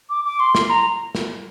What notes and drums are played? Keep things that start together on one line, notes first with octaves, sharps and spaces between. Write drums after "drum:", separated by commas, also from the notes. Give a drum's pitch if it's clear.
D6
D6
C6
drum: snare
A#5
drum: snare